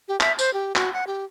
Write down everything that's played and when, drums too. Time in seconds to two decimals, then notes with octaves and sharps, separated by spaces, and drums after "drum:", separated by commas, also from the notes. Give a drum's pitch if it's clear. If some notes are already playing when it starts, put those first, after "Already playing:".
0.08 G4
0.21 E5, drum: clap
0.39 C5, drum: tambourine
0.54 G4
0.76 F#4, drum: clap
0.93 F#5
1.07 G4